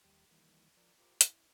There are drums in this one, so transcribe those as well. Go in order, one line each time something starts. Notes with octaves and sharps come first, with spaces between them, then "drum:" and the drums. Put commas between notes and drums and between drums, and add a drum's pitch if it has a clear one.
D#2 G3 G4
D#3 E3 G3 A#3
F3 A#4 D5
F4 G4 A#4 C5 D6
E4, drum: hi-hat